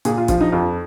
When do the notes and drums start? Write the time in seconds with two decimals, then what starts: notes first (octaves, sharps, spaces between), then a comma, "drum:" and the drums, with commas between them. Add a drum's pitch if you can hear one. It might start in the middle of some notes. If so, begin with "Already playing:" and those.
0.05 A#2 G#4, drum: hi-hat
0.18 F4
0.28 F3 F4, drum: kick, hi-hat
0.41 D#4
0.52 F2 F4